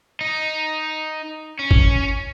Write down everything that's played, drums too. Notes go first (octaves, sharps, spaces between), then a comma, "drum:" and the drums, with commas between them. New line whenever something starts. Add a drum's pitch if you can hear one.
D#4
C#4
drum: kick